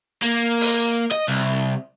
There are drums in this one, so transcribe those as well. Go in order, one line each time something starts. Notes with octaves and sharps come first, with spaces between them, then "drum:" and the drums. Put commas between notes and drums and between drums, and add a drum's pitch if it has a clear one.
A#3
drum: open hi-hat
D#5
C2